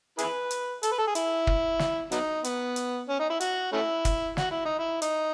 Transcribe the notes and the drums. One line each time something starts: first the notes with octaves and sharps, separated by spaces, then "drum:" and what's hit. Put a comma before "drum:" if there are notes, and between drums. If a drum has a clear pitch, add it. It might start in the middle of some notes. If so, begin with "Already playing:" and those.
E4 G#4 B4, drum: hi-hat
drum: hi-hat
A4, drum: hi-hat
B4
A4
G#4
E4, drum: hi-hat
drum: kick
drum: snare
F#3 B3 D#4, drum: hi-hat
B3, drum: hi-hat
drum: hi-hat
C#4
D#4
E4
F#4, drum: hi-hat
A3 C#4 E4
drum: kick, hi-hat
F#4, drum: snare
E4
D#4
E4
D#4, drum: hi-hat